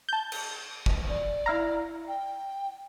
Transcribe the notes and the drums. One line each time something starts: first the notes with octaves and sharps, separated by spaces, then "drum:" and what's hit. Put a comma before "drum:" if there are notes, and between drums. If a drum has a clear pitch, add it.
A5 G6
drum: cymbal
drum: kick
D5
E4 F5 A#5
G5